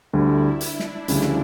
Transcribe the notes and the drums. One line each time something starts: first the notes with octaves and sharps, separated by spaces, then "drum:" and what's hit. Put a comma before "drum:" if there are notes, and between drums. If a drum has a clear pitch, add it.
D2 D3 G3 E4
D4, drum: hi-hat
drum: snare
D2 C#3 F3 G3 C#4 E4, drum: hi-hat
drum: snare